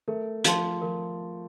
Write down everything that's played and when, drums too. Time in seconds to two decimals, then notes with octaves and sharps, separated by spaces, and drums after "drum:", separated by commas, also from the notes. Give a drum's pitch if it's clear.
0.08 A3 A#4
0.44 F3 F5 A5 C6, drum: hi-hat
0.82 F3 A#4